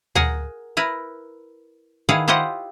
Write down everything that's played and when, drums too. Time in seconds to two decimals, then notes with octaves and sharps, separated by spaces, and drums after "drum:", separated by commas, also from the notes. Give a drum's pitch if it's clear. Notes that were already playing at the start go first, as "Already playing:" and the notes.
0.15 G#4 A#4 F#5 G#5, drum: tom D2
0.77 E4 A#4 B4
2.09 D#3 E4 G#4 B4 F5 F#5
2.28 E4 F4 G4 C5 D#5 F#5